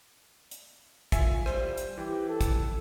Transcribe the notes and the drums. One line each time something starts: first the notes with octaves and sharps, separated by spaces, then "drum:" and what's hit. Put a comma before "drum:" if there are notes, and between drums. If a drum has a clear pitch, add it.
drum: hi-hat
F4 E5 G#5, drum: kick, hi-hat
G3 C5, drum: rim click
drum: hi-hat
E3 G4
A4
drum: kick, hi-hat